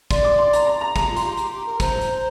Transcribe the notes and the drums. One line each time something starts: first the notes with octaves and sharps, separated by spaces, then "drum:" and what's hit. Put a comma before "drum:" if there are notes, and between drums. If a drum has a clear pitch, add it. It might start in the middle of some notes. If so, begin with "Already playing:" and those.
D5 C6, drum: kick, hi-hat
D6
C6
A#5, drum: hi-hat
A#5
A#5
G4 A#5, drum: kick, hi-hat
F4
C6, drum: hi-hat
G4
G4, drum: hi-hat
G4
A#4
C5 A#5, drum: kick, hi-hat
drum: hi-hat